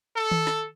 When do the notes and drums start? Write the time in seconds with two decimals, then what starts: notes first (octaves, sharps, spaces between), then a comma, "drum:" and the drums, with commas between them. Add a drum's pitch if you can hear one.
0.16 A4
0.31 drum: tom D#3
0.47 drum: snare